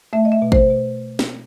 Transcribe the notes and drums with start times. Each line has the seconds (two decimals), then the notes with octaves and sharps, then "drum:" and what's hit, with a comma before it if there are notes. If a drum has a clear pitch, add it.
0.13 A3 E5
0.25 D#5
0.32 E5
0.42 B2
0.52 C5, drum: kick G#1
0.70 B2
1.19 drum: snare